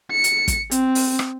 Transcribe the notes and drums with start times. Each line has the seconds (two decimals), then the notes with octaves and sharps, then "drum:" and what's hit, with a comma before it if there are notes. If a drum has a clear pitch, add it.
0.11 C#7
0.24 drum: hi-hat
0.48 drum: kick, hi-hat
0.71 C4, drum: hi-hat
0.95 drum: open hi-hat
1.19 drum: rim click